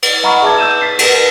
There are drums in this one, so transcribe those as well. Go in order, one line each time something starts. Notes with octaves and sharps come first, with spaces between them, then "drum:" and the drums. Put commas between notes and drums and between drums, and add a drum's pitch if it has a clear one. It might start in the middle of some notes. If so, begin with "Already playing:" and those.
drum: cymbal
D#5 F#5 A#5 B5 C#6 F6
G#4 E5 A5 D6 G#6
E6 G6 D#7 E7
A6 B6 C7
G4 A#4 B4, drum: cymbal